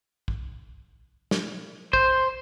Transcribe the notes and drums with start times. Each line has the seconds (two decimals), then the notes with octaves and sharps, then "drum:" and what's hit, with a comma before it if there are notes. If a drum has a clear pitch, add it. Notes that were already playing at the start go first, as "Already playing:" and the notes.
0.28 drum: kick
1.31 drum: snare
1.93 C5, drum: kick